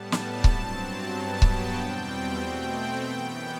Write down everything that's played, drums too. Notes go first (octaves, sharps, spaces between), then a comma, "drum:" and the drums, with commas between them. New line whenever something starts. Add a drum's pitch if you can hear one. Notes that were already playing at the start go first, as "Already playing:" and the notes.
Already playing: A2 G3 B3 A5
drum: snare
G2 F#3 C4 A5, drum: kick C#1
A5
G2 F#3 B3 A5
G5, drum: kick C#1
E2 B2 G3 C4
B2 A3 C4 G5
F#2 E3 B3